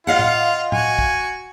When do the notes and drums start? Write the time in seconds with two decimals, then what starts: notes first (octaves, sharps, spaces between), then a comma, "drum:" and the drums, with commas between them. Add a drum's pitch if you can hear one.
0.07 F4 D#5 F5 F#5
0.19 drum: tom A2
0.72 F#4 G#5, drum: tom A2
0.99 drum: kick